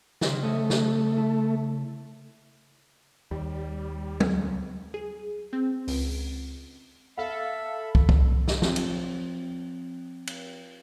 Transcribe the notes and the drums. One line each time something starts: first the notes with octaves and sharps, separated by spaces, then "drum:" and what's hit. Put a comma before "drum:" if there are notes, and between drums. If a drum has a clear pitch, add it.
C#3 C4, drum: snare
A3 C#5 D#5 E5
drum: snare
E4 A5
D#2 G3
C#2, drum: tom F#3
G#4
C4
C#2, drum: open hi-hat
A4 E5 F5 B5
drum: kick
drum: kick
drum: snare
F3 C4, drum: snare
drum: cymbal
drum: cymbal